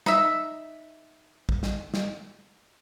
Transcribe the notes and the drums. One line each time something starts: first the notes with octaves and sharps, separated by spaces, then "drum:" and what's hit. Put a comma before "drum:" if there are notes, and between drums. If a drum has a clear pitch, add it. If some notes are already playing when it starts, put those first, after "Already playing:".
D#4 E5, drum: snare
drum: kick
drum: snare
drum: snare